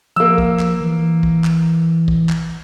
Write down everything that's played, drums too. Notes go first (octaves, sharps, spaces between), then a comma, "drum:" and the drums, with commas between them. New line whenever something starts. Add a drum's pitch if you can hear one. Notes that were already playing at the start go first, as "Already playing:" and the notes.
F3 A#3 E6
drum: kick
drum: clap
E3
drum: kick
drum: clap
drum: kick
drum: clap